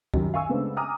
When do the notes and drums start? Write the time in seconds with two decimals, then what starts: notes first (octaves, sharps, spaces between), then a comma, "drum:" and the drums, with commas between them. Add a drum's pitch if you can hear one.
0.14 F#2 D#3 G3, drum: kick C#2
0.34 F5 G#5 C#6 E6
0.49 C#3 G#3 A3 B3 C4 D4
0.76 G5 G#5 A#5 D6 D#6 F6